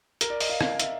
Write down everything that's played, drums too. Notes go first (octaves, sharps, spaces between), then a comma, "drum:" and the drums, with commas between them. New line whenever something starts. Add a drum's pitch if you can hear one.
A#4, drum: hi-hat
D5
D#5, drum: open hi-hat
F5
F5, drum: rim click
E5, drum: hi-hat